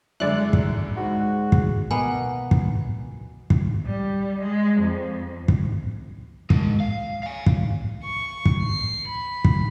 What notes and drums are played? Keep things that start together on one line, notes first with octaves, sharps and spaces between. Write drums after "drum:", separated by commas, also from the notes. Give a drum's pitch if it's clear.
F#2 D3 G#3 E4 D5 F#6
drum: kick
G#2 F#4
drum: kick
B2 A#3 B3 G#5
drum: kick
drum: kick
G3
G#3
F2
drum: kick
G#3 A#4, drum: kick
F5
F5 G#5
drum: kick
C#6
drum: kick
C7
B5
drum: kick